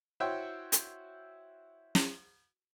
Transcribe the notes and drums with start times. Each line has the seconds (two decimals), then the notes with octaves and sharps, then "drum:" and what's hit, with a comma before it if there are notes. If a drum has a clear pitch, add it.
0.20 E4 F#4 C5 C#5 E5 G5
0.72 drum: hi-hat
1.95 drum: snare